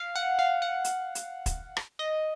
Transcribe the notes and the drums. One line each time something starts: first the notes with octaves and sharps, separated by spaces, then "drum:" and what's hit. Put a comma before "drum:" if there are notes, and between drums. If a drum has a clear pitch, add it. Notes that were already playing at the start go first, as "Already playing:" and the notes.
Already playing: F5
F#5
F5
F#5
drum: hi-hat
drum: hi-hat
drum: kick, hi-hat
drum: rim click
D#5